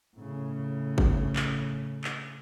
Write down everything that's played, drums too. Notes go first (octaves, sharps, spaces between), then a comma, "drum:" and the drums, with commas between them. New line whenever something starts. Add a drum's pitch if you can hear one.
A2 C#3
drum: kick
drum: clap
drum: clap